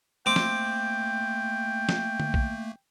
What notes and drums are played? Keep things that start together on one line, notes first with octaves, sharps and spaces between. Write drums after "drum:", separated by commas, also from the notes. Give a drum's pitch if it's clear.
A3 A#3 C4 G5 D6
drum: snare
drum: snare
drum: tom D3
drum: kick